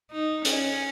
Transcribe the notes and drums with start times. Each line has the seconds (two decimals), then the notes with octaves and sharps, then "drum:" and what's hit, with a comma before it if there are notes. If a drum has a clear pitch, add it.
0.11 D#4
0.45 C#4, drum: hi-hat